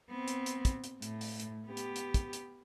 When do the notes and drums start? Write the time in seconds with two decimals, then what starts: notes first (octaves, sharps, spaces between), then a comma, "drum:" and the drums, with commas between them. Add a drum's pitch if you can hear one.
0.10 B3 C4
0.28 drum: hi-hat
0.46 drum: hi-hat
0.65 drum: kick, hi-hat
0.84 drum: hi-hat
1.02 A2, drum: hi-hat
1.21 drum: open hi-hat
1.40 drum: hi-hat
1.67 B3 G4
1.77 drum: hi-hat
1.96 drum: hi-hat
2.14 drum: kick, hi-hat
2.33 drum: hi-hat